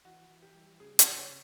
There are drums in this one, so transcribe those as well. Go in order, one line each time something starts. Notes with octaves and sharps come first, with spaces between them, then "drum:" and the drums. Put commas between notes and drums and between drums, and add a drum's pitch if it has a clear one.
E3 F#4
E3
G4
G3
C#3 G#4
D5, drum: hi-hat
C#3
C#5